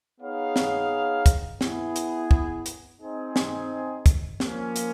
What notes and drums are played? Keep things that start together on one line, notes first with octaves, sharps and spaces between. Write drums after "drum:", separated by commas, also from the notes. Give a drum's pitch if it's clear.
B3 D#4 G#4 C#5 F5
drum: snare
drum: kick, hi-hat
B3 E4 G#4, drum: snare
drum: hi-hat
drum: kick
drum: hi-hat
C4 D#4 G#4
drum: snare
drum: kick, hi-hat
F3 A#3 C#4, drum: snare
drum: hi-hat